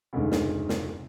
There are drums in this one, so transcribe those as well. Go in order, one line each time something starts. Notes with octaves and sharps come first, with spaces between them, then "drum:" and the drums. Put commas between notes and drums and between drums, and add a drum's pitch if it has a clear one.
F1 D2 G#2 C#3
drum: snare
drum: snare